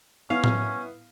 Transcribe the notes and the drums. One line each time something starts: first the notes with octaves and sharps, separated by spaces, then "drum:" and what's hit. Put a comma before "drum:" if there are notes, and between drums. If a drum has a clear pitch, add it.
B3 C#4 E4 F5
drum: tom A2